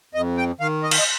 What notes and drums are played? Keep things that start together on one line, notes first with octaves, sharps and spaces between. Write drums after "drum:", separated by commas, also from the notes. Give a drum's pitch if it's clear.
F2 D#5
G5
D#3 F5
D#5
F5, drum: cymbal
D#5